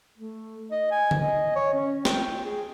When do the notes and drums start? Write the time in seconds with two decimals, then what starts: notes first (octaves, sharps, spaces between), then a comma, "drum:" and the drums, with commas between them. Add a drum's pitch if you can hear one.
0.18 A3
0.71 D#5
0.91 G#5
1.11 drum: tom D3
1.21 D#5
1.56 C#5
1.73 C#4
2.05 G5, drum: snare
2.45 G#4